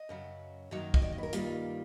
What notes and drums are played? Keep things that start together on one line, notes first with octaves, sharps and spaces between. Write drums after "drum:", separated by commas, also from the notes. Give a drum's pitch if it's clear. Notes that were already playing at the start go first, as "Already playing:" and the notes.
Already playing: D#5
F#2 C#3 F#3
F#2 D#3 F#3 A#3
D#5, drum: kick
D5
D#5
B4
A#4
G2 D#3 G3 A#3 F4, drum: hi-hat